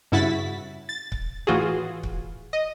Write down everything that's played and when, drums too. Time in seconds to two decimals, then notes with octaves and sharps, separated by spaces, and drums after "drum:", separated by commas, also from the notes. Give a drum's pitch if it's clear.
0.12 G2 C#3 E4 F#4 A6 B6
0.89 A6
1.12 drum: kick C#1
1.47 A2 E3 F4 F#4 G#4
2.03 drum: kick C#1
2.53 D#5